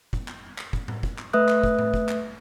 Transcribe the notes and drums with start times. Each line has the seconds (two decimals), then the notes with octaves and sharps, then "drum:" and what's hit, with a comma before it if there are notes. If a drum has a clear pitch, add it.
0.13 drum: kick
0.28 drum: clap
0.58 drum: clap
0.73 drum: kick
0.88 drum: tom A2
1.03 drum: kick
1.18 drum: clap
1.33 A3 B4 E5 D#6 F#6
1.48 drum: clap
1.64 drum: kick
1.79 drum: tom A2
1.94 drum: kick
2.09 drum: clap